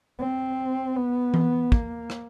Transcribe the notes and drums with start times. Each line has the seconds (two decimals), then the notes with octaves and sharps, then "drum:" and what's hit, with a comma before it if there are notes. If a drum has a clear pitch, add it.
0.19 C4
0.96 B3
1.34 drum: tom E3
1.72 A#3, drum: kick
2.10 drum: rim click